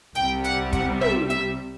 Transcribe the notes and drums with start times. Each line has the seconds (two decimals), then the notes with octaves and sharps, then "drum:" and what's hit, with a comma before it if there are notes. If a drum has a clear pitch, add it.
0.15 C2 C3 G3 G5, drum: hi-hat
0.44 F#5, drum: hi-hat
0.73 F#5, drum: kick, hi-hat
1.01 E5, drum: tom
1.30 E5, drum: hi-hat